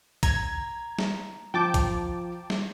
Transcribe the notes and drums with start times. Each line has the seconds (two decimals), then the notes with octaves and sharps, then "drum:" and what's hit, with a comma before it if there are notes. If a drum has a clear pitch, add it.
0.23 A#5 G#6, drum: kick, hi-hat
0.99 drum: snare
1.54 F3 G5 A5 D6
1.74 drum: kick, hi-hat
2.50 drum: snare